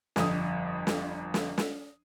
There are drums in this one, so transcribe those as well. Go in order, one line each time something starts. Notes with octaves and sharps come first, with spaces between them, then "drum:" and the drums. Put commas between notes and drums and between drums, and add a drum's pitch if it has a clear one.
G1 F2 D#6, drum: snare
drum: snare
drum: snare
drum: snare